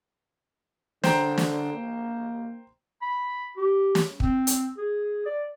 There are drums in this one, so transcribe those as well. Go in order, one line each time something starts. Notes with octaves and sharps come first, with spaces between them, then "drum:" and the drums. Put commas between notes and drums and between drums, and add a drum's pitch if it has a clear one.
D3 C5 G5 A#5, drum: snare
drum: snare
A#3
B5
G4
drum: snare
C4, drum: kick
drum: hi-hat
G#4
D5